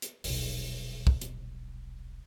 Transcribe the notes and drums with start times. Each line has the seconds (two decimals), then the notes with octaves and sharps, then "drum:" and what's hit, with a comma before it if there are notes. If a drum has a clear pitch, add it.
0.02 drum: hi-hat
0.24 D#1 B1, drum: open hi-hat
1.07 drum: kick
1.22 drum: hi-hat